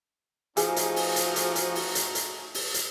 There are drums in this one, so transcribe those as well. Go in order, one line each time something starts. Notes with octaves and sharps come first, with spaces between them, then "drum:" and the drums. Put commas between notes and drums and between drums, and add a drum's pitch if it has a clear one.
F3 A3 C#4 D#4 F#4 G#4, drum: hi-hat
drum: hi-hat
drum: open hi-hat
drum: hi-hat
drum: hi-hat
drum: hi-hat
drum: open hi-hat
drum: hi-hat
drum: hi-hat
drum: open hi-hat
drum: hi-hat